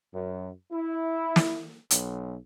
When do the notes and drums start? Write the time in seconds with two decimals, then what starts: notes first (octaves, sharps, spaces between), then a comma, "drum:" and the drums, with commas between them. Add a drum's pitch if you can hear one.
0.13 F#2
0.72 E4
1.36 drum: snare
1.91 B1, drum: hi-hat